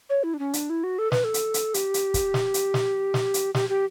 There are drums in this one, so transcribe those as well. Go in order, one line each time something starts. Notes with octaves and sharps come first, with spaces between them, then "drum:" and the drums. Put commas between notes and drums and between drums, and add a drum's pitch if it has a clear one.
C#5
E4
D4
C#4
D4, drum: hi-hat
E4
F#4
A4
B4, drum: snare
A4
drum: hi-hat
drum: hi-hat
G4, drum: hi-hat
drum: hi-hat
drum: kick, hi-hat
drum: snare
drum: hi-hat
drum: snare
drum: snare
drum: hi-hat
G4, drum: snare
G4